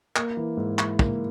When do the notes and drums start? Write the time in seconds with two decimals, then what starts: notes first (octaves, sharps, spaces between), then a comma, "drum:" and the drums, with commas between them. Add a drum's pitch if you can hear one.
0.16 A#3, drum: clap
0.37 E3
0.57 G#2
0.79 E4, drum: clap
0.99 A#3, drum: kick